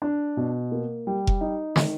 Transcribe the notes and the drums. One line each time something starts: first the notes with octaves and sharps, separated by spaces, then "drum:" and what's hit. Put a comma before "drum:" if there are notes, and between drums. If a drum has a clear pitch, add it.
D4
B2
A#3
G3
drum: kick F1
D#4
D#3, drum: snare